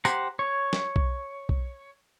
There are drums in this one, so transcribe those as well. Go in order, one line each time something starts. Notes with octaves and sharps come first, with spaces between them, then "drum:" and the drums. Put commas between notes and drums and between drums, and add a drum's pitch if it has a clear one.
G4 C5 F#5 A#5, drum: tambourine
C#5
drum: snare
drum: kick B1
drum: kick B1